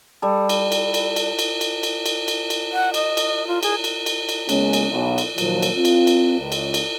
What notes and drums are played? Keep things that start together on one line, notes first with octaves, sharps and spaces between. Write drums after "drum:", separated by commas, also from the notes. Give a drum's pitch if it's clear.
G3 A4
drum: cymbal
drum: cymbal
drum: cymbal
drum: cymbal
drum: cymbal
drum: cymbal
drum: cymbal
drum: cymbal
drum: cymbal
drum: cymbal
F#5
D#5, drum: cymbal
drum: cymbal
F4
G#4, drum: cymbal
drum: cymbal
drum: cymbal
drum: cymbal
C#2 G#3 A#3 B3 C#4, drum: cymbal
drum: cymbal
B1
drum: cymbal
A#2 D#3 F3 F#3, drum: cymbal
drum: cymbal
C4 F4
drum: cymbal
drum: cymbal
C#2
drum: cymbal
drum: cymbal